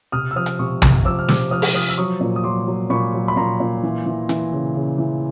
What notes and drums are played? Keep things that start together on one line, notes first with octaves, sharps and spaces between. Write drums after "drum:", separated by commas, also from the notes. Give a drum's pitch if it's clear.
C3 D#6 F6
E6
F3 D#6 F6
drum: hi-hat
C3 C#6 D#6
C3, drum: tom
F3 D6 E6
F6
C3 D6 E6, drum: snare
F3 D#6 F6
drum: open hi-hat
F3 D#6 F6
E6
F#3 C#6 D#6
A#2
D#6
F#3 C6 D6
F#3
A#2 B5 C#6
F#3
B5
A#2 A#5 C6
A#2
E3
E3
E3, drum: hi-hat
C#3
C#3
E3